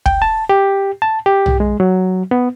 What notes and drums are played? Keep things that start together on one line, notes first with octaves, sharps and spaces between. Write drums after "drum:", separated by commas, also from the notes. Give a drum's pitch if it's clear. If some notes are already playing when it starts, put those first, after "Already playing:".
G5, drum: kick
A5
G4
A5
G4
drum: tom B1
G#3
F#3
B3